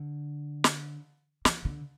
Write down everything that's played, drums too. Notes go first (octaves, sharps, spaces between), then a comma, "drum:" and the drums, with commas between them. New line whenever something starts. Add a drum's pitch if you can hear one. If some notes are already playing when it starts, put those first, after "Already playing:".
Already playing: D3
drum: snare
E3, drum: snare
D3